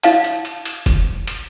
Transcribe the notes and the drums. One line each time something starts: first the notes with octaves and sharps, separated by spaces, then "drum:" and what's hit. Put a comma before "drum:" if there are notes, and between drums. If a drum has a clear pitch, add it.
E4 F5 A5, drum: hi-hat
drum: hi-hat
drum: hi-hat
drum: hi-hat
drum: kick, hi-hat
drum: hi-hat